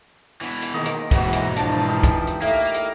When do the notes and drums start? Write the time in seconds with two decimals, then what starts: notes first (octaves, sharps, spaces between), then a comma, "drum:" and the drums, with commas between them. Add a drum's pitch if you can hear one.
0.41 B2 E3
0.62 drum: hi-hat
0.74 D#3 G#3 A#3 D#5
0.86 drum: hi-hat
1.11 G#2 B2 E3 A#3 F#4, drum: kick B1, hi-hat
1.33 drum: hi-hat
1.56 E3 F3 D4 A5, drum: hi-hat
1.88 D#4 G4
2.03 drum: kick B1, hi-hat
2.27 drum: hi-hat
2.42 A2 A#3 E5
2.74 drum: hi-hat